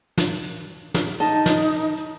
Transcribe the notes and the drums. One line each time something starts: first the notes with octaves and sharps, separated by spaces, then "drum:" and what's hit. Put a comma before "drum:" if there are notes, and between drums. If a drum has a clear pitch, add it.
drum: snare
drum: hi-hat
drum: snare
D#4 D#5 A5
drum: snare
drum: hi-hat